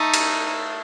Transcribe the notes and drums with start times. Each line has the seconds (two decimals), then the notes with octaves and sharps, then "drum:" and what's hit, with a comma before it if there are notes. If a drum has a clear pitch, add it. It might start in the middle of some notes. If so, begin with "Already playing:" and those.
Already playing: A3 D#4
0.14 drum: cymbal